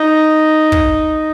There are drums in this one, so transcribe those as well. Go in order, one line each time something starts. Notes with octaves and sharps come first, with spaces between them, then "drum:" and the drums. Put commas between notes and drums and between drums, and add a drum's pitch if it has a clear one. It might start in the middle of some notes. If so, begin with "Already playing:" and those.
Already playing: D#4
drum: kick